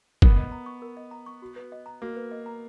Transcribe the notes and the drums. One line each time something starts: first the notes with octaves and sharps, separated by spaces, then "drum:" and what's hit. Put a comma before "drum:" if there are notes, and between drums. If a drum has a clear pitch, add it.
B3 A#4, drum: kick F#1
D#5
A#5
C#6
A#4
D#5
A#5
C#6
F#4
B4
D#5
A#5
A#3 F#4
B4
D#5
A#5